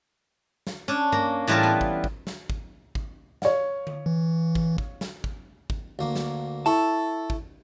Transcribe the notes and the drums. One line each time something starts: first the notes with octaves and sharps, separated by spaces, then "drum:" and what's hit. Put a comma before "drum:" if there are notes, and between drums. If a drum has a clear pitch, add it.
drum: snare
C#4 D4
A#3, drum: tom G2
A2 E3 G3 F4 A#4 A5
B3
drum: kick
drum: kick
drum: snare
drum: kick
drum: kick
C#5 F5, drum: snare
drum: tom D3
E3
drum: kick
drum: kick
drum: snare
drum: kick
drum: kick
D2 A#3
drum: snare
E4 A4 A5 C#6
drum: kick